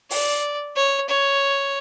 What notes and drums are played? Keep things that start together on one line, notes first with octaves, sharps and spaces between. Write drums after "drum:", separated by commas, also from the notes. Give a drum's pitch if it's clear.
D5, drum: open hi-hat
C#5
C#5